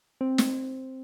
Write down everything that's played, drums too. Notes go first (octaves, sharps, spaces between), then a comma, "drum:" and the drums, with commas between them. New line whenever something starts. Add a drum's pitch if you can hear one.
C4
drum: snare